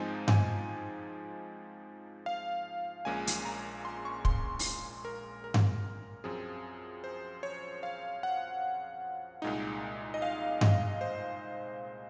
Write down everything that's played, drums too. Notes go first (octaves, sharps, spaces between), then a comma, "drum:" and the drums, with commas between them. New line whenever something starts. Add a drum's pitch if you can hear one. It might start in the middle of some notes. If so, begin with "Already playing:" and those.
Already playing: G#2 F3 G#3 C4 D#4 G#5
G#5, drum: tom G2
F5
A#1 A#2 G#3 C#4 G#5
drum: hi-hat
A#5
C6
C#6
C6, drum: kick
drum: open hi-hat
A#4
A#4
drum: tom G2
F#2 F3 C4 G#4
C5
C#5
F5
F#5
C2 A#2 G#3 D#4
D#5
F5
D#5, drum: tom G2
C5